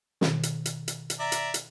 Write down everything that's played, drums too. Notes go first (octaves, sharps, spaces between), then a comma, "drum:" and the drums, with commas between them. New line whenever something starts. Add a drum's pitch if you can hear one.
B2 D#3, drum: snare
drum: hi-hat
drum: hi-hat
drum: hi-hat
drum: hi-hat
D5 E5 A#5
drum: hi-hat
drum: hi-hat